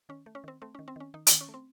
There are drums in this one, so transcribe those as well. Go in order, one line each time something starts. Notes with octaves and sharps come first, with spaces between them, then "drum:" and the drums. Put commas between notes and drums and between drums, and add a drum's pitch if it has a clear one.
D#3 C#4
A3
C#4
D#3 C4
A3 C4
D#3 C#4
C4
D#3 C#4
D#3 D#4
D#3 C#4, drum: hi-hat
C#4
A3
C4